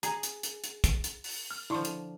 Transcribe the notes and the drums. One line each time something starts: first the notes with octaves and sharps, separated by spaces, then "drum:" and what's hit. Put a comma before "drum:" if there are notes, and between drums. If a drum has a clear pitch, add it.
G#4 A#5, drum: hi-hat
drum: hi-hat
drum: hi-hat
drum: hi-hat
drum: kick, hi-hat
drum: hi-hat
drum: open hi-hat
F6
D3 F3 E4 C6 C#6
drum: hi-hat